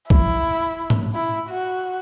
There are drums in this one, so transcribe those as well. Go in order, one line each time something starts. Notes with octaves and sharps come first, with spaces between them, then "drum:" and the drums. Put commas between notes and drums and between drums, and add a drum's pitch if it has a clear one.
E4, drum: kick C2
drum: tom
E4
F#4